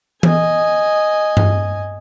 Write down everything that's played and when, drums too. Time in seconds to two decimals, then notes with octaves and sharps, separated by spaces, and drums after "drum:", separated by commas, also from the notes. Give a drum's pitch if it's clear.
0.23 D#5 G#5, drum: tom E3
1.37 drum: tom G2